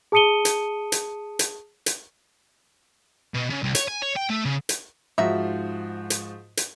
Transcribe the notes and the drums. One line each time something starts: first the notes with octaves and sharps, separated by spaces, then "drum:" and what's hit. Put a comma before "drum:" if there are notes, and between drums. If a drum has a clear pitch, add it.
G#4 A5 D#6 C#7 D#7 G7
drum: hi-hat
drum: hi-hat
drum: hi-hat
drum: hi-hat
B2
C#3
C2
C#5, drum: hi-hat
G#5
C#5
G5
A3
C#3
drum: hi-hat
G#2 F3 D#4 F#4 E5
drum: hi-hat
drum: hi-hat